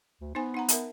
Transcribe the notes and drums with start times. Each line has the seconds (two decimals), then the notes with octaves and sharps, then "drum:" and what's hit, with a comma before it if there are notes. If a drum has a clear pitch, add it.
0.21 D2
0.35 B3 D#4 C5 G#5
0.54 D#4 F#5 A#5
0.68 A#4 E5 A5, drum: hi-hat